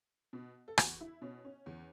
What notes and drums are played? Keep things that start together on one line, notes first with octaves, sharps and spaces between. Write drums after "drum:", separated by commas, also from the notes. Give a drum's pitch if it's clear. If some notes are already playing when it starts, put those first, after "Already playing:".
B2
A4
E2 F#4, drum: rim click
E4
B2 C#4
C#4
E2